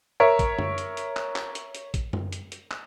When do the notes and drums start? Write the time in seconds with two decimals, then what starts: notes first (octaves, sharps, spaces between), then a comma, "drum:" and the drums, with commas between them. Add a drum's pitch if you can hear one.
0.20 A#4 C#5 E5
0.39 drum: kick, hi-hat
0.59 drum: tom F#2
0.78 drum: hi-hat
0.97 drum: hi-hat
1.17 drum: clap
1.36 drum: clap
1.55 drum: hi-hat
1.75 drum: hi-hat
1.94 drum: kick, hi-hat
2.13 drum: tom F#2
2.33 drum: hi-hat
2.52 drum: hi-hat
2.71 drum: clap